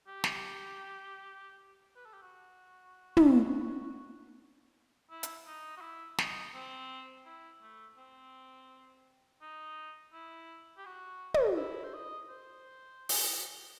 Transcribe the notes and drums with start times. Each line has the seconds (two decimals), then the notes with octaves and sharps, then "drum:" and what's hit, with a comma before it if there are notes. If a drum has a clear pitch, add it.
0.07 G4
0.24 drum: snare
1.95 B4
2.06 A4
2.13 G4
2.22 F#4
3.17 drum: tom
5.10 E4
5.23 drum: hi-hat
5.47 D#4
5.77 F#4
5.81 E4
6.18 D#4, drum: snare
6.54 C4
7.25 E4
7.62 A3
7.97 C4
9.41 D#4
10.13 E4
10.77 G4
10.85 F#4
11.34 drum: tom
11.56 E4
11.84 C5
11.93 D#5
12.29 C5
13.09 drum: open hi-hat